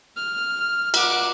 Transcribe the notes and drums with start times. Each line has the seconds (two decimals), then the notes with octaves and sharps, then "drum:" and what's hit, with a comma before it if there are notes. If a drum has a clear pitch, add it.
0.17 F6
0.94 F#5 D6, drum: cymbal